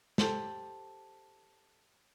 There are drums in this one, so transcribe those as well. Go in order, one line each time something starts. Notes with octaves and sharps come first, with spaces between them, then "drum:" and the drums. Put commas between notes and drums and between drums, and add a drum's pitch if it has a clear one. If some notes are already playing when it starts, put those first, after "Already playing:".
G4 A4 C5, drum: snare